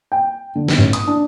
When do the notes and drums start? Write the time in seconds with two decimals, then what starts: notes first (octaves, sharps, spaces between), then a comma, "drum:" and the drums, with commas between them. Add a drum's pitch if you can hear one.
0.12 G5
0.55 D3
0.69 drum: snare
0.78 A1
0.93 D#6, drum: hi-hat
1.07 D4